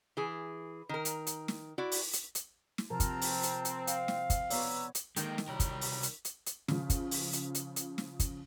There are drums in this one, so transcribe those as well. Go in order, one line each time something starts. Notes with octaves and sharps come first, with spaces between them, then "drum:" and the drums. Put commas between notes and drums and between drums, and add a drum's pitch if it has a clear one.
E3 G#4
D#3 A#4
drum: hi-hat
drum: hi-hat
drum: snare
E4 F#4 D5
drum: open hi-hat
drum: hi-hat
drum: hi-hat
drum: snare
C3 F3 C4 A#4 A5 A#5
drum: kick, hi-hat
drum: open hi-hat
drum: hi-hat
drum: hi-hat
F5, drum: hi-hat
drum: snare
drum: kick, hi-hat
B3 B4 C#5 D5 A#5 E6, drum: open hi-hat
drum: hi-hat
D#3 G#3 A#3 G5 A#5, drum: hi-hat
drum: snare
C2 F#3 G3 A#4
drum: kick, hi-hat
drum: open hi-hat
drum: hi-hat
drum: hi-hat
drum: hi-hat
C#3 F3, drum: snare
drum: kick, hi-hat
drum: open hi-hat
drum: hi-hat
drum: hi-hat
drum: hi-hat
drum: snare
drum: kick, hi-hat